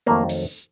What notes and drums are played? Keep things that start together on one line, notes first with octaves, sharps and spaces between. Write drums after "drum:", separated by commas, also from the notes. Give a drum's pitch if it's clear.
F2 D#3 F#3 A3 A#3
drum: open hi-hat